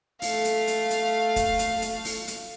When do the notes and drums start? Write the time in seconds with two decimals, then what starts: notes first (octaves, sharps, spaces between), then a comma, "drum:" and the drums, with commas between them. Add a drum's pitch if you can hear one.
0.22 A3 F5, drum: open hi-hat
0.45 drum: hi-hat
0.68 drum: hi-hat
0.90 drum: hi-hat
1.36 drum: kick, hi-hat
1.59 drum: hi-hat
1.82 drum: hi-hat
2.05 drum: open hi-hat
2.28 drum: hi-hat